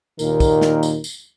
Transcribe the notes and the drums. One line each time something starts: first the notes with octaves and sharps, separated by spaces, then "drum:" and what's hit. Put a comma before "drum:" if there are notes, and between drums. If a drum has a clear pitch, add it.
D#2 A#2 D#3 A#4, drum: tambourine
drum: kick, tambourine
drum: snare
drum: tambourine
drum: tambourine